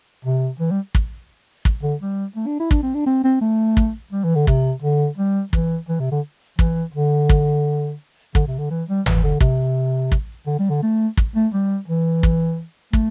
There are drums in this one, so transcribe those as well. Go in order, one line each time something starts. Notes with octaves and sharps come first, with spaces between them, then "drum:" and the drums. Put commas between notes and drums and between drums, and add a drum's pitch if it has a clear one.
C3
E3
G3
drum: kick
drum: kick
D3
G3
A3
D4
E4
D4, drum: kick
C4
D4
C4
C4
A3
drum: kick
G3
E3
D3
C3, drum: kick
D3
G3
E3, drum: kick
E3
C3
D3
E3, drum: kick
D3
drum: kick
D3, drum: kick
C3
D3
E3
G3
E3, drum: tom G1
D3
C3, drum: kick
drum: kick
D3
G3
D3
A3
drum: kick
A3
G3
E3
drum: kick
A3, drum: kick